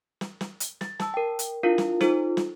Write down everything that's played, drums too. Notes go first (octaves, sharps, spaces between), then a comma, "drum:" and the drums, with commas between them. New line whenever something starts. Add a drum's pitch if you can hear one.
drum: snare
drum: snare
drum: hi-hat
A6, drum: snare
A5 E6, drum: snare
A#4 G5
drum: hi-hat
D4 E4 F4 A#4 F5
drum: snare
D#4 F4 A4 C5, drum: snare
drum: snare